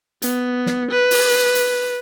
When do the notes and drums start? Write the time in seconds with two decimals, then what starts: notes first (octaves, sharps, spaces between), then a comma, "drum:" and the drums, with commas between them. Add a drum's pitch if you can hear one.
0.22 B3, drum: hi-hat
0.66 drum: snare
0.91 B4
1.11 drum: open hi-hat
1.55 drum: hi-hat